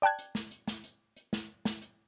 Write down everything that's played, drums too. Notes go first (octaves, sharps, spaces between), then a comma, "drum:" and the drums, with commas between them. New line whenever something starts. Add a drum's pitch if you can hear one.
D5 G5 A5 F#6 G#6
drum: hi-hat
drum: snare
drum: hi-hat
drum: snare
drum: hi-hat
drum: hi-hat
drum: snare
drum: snare
drum: hi-hat